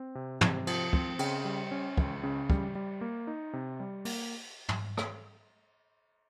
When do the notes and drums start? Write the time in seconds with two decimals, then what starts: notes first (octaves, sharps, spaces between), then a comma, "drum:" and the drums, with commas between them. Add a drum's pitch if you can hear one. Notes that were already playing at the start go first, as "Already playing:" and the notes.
Already playing: C4
0.15 C3
0.41 C3, drum: tom
0.67 F3, drum: cymbal
0.93 C4, drum: kick
1.19 C#3, drum: cymbal
1.45 G3
1.71 C#4
1.97 C#2, drum: kick
2.24 C#3
2.50 G3, drum: kick
2.75 G3
3.01 A#3
3.27 D#4
3.53 C3
3.80 G3
4.05 A#3, drum: open hi-hat
4.69 drum: tom
4.97 drum: rim click